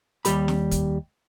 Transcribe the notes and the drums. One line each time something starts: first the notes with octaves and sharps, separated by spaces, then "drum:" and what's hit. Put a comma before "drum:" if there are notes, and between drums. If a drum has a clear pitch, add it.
D#2 G3 G4 B5, drum: hi-hat
drum: snare
drum: kick, hi-hat